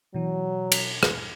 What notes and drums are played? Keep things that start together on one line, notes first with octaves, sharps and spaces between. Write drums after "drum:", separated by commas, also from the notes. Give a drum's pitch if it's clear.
B2 E3 F#3
drum: cymbal
drum: rim click